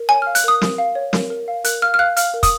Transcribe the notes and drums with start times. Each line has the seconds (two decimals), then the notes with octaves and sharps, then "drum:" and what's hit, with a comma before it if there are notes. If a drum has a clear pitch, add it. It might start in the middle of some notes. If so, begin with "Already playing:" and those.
Already playing: A#4
0.09 C#5 G#5
0.22 F5 F6
0.35 F#6, drum: hi-hat
0.44 A#4 D#6
0.61 A#4, drum: snare
0.78 F5
0.95 C#5
1.13 A#4, drum: snare
1.30 A#4
1.48 F5
1.64 A#4 F#6, drum: hi-hat
1.82 F5 F6
1.94 F6
1.99 F5 F#6
2.17 F5 F6, drum: hi-hat
2.34 A#4
2.43 D#6, drum: kick, hi-hat